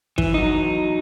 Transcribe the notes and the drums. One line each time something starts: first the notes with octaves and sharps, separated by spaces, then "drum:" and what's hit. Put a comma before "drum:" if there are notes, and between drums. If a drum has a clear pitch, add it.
E3, drum: kick
F#3 D#4